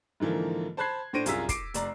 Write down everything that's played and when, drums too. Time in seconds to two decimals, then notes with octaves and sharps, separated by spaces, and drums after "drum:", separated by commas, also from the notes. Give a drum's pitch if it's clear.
0.20 G#2 D3 E3 F3 A#3
0.77 C5 A5 B5 F#6 G#6 C7
1.13 A2 D4 C5 A#6 D7 D#7
1.26 C2 F#2 F4 G#4 E6 B6, drum: hi-hat
1.49 D6 C7 D7, drum: kick, hi-hat
1.74 F1 D5 A#5, drum: hi-hat